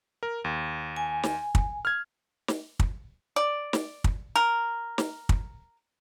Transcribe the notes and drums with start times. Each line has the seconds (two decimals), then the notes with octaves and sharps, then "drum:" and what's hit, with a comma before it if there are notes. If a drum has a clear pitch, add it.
0.23 A#4
0.44 D#2
0.97 G#5
1.23 drum: snare
1.55 drum: kick
1.85 F6 G#6
2.48 drum: snare
2.79 drum: kick
3.36 D5
3.73 drum: snare
4.04 drum: kick
4.36 A#4
4.98 drum: snare
5.29 drum: kick